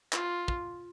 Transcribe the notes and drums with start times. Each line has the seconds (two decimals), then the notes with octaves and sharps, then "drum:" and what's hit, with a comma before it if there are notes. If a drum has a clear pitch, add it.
0.13 F4, drum: clap
0.48 drum: kick